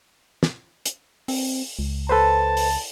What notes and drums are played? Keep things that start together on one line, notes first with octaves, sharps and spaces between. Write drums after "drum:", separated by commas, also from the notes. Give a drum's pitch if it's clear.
drum: snare
drum: hi-hat
C4, drum: open hi-hat
C#2
A4 B4 C5 A5
drum: open hi-hat